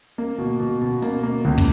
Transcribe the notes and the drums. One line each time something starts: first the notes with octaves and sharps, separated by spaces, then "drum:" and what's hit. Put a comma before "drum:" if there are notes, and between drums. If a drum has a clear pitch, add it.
A#3
B2
B2
B2
A#3, drum: hi-hat
A#3
C#2
drum: kick, hi-hat